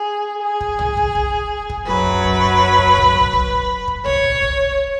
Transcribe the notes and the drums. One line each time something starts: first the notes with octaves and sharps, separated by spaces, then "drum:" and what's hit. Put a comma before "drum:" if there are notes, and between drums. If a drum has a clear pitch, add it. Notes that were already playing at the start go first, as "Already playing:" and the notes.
Already playing: G#4
G#4
drum: kick
drum: tom
drum: kick
drum: kick
drum: kick
F#2 F#3 B4
drum: kick
drum: kick
drum: kick
drum: tom
drum: kick
drum: kick
drum: kick
C#5, drum: tom
drum: kick
drum: kick